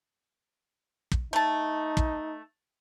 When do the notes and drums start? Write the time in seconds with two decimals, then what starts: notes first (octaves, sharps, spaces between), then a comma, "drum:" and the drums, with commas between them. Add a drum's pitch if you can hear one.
1.12 drum: kick
1.33 A3 D#4 A5
1.97 drum: kick